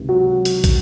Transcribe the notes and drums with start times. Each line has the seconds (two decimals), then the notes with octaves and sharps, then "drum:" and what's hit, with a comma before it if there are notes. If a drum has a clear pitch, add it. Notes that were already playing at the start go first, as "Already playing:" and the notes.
Already playing: C#2 C3 D#3
0.09 F#3 F#4
0.45 drum: hi-hat
0.64 drum: kick, hi-hat